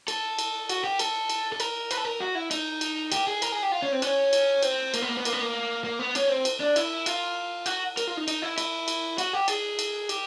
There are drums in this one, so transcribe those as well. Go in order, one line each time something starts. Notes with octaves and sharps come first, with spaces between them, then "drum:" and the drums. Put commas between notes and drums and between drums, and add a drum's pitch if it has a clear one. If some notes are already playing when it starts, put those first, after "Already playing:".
A4, drum: cymbal
drum: cymbal
F#4, drum: cymbal
G4
A4, drum: cymbal
drum: cymbal
A4
A#4, drum: cymbal
B4, drum: cymbal
A4
A#4
F#4
E4
D#4, drum: cymbal
drum: cymbal
G4, drum: cymbal
G#4
A#4, drum: cymbal
G#4
G4
F4
C#4
C4
C#4, drum: cymbal
drum: cymbal
C4, drum: cymbal
A#3, drum: cymbal
B3
A#3
B3
A#3, drum: cymbal
B3
A#3
A#3
B3
C#4, drum: cymbal
C4
drum: cymbal
D4
E4, drum: cymbal
F4, drum: cymbal
F#4, drum: cymbal
A#4, drum: cymbal
F4
D#4
D#4, drum: cymbal
E4
E4, drum: cymbal
drum: cymbal
F#4, drum: cymbal
G4
G#4, drum: cymbal
drum: cymbal
G4, drum: cymbal